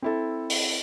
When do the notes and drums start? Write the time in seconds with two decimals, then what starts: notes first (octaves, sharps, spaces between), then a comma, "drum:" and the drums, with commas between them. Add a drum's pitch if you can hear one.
0.02 C4 E4 A4
0.50 drum: open hi-hat